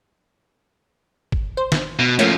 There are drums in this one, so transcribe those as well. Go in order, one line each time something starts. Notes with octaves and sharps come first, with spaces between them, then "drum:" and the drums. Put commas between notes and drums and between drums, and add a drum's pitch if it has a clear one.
drum: kick
C5
drum: snare
B2
A2 F3 A3 A#3 C#4, drum: hi-hat